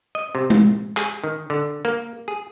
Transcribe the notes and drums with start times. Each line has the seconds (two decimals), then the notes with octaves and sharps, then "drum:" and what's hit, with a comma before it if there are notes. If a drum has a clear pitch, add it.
0.15 D#5
0.35 C3
0.50 drum: tom G#3
0.97 G#4, drum: clap
1.24 D#3
1.50 D3
1.85 A#3
2.28 G#4